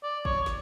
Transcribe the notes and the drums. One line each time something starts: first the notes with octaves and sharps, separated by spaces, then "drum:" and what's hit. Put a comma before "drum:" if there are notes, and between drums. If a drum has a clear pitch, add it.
D5
C#5, drum: kick
drum: snare